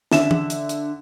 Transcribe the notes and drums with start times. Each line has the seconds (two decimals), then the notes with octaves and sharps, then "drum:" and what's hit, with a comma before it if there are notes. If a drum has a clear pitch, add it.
0.11 D3 E5 E7, drum: snare
0.31 drum: tom
0.50 drum: hi-hat
0.69 drum: hi-hat